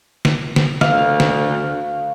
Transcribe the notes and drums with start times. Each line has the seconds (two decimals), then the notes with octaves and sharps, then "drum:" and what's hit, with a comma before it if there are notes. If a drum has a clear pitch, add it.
0.25 drum: snare
0.56 drum: snare
0.81 D2 F5, drum: snare
1.20 drum: snare